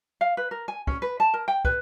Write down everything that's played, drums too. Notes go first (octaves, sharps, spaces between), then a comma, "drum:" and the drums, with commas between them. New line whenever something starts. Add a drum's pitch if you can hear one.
F5
B4
A#4
G#5
C#4, drum: kick
B4
A5
A#4
G5
B4, drum: kick